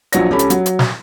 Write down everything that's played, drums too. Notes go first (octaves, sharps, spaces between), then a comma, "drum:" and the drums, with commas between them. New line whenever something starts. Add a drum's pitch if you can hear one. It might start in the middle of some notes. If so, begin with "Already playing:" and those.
A#1 F3 F#3 C#5 A#6, drum: hi-hat
C#2 C#4 G4 A4 B5
drum: hi-hat
F#3, drum: hi-hat
drum: hi-hat
drum: snare